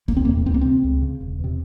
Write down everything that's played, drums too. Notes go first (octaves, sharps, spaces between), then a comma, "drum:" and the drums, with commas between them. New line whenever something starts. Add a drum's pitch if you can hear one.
E1 A#3, drum: kick C2
C4
E2 C3 A#3
C#2 C4
A#3
C3 C4
C#2
C#3
E1
E2 C3